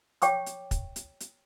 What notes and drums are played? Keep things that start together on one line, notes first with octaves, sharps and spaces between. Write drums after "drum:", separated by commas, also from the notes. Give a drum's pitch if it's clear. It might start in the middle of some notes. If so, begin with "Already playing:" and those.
C#5 G5 C#6 D6, drum: hi-hat
drum: hi-hat
drum: kick, hi-hat
drum: hi-hat
drum: hi-hat